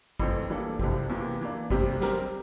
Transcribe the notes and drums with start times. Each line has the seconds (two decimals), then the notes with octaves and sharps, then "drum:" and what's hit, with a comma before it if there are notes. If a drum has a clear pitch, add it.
0.19 F2 E3 A3 C4, drum: kick G#1
0.50 E3 G3 A#3 D4 A4
0.79 C2 C3 F3 C4, drum: kick G#1
1.10 E2 C3 E3 A#3
1.41 E3 A#3 D4
1.70 D2 C3 G3 C4 G4, drum: kick G#1
2.00 G3 C4 G4 A#4, drum: snare